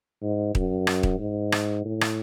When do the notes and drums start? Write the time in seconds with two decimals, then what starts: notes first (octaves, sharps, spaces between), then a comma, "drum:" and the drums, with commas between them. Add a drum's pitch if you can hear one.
0.22 G#2
0.55 F#2, drum: kick D#1
0.87 drum: rim click
1.03 drum: kick D#1
1.19 G#2
1.52 drum: rim click
1.85 A2
2.01 drum: rim click